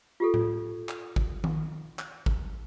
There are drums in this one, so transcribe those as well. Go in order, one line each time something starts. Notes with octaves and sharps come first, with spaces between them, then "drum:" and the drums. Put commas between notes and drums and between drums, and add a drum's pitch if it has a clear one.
F4 G4 A4
drum: tom A2
drum: clap
drum: kick G#1
drum: tom D#3
drum: clap
drum: kick G#1